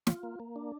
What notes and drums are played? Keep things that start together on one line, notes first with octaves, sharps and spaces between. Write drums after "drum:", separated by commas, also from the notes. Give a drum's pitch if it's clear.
F4, drum: snare
A#3
A#3
D4